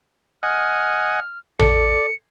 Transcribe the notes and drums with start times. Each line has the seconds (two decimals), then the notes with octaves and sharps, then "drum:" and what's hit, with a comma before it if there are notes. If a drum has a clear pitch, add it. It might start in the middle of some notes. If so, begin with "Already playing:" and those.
0.43 D#5 F#5 G#5 F6
1.59 A4 D5 C#7, drum: tom A1